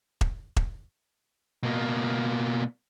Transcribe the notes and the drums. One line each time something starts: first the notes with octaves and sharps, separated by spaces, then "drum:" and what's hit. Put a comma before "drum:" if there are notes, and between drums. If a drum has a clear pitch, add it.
drum: kick E1
drum: kick E1
B2 A#3